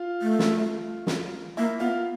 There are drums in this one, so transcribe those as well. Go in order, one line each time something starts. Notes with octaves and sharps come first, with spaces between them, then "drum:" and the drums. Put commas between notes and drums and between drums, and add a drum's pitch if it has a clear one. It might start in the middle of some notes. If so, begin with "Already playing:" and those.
Already playing: F4 F5
A3
drum: snare
drum: snare
A#3 E4 E5
B3 F4 F5